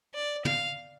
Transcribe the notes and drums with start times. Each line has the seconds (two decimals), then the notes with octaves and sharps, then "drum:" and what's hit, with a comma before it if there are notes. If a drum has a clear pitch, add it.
0.14 D5
0.45 F5, drum: tom